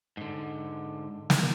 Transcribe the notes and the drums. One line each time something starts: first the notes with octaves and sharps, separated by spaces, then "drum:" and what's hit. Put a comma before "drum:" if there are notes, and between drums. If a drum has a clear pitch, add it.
G#2 D3
drum: snare